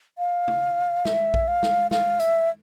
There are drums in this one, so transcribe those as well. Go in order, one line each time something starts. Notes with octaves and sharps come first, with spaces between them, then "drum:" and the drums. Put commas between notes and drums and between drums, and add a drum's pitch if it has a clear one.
F5
drum: tom
E5, drum: snare
drum: kick A#1
F5
drum: snare
F5, drum: snare
E5, drum: hi-hat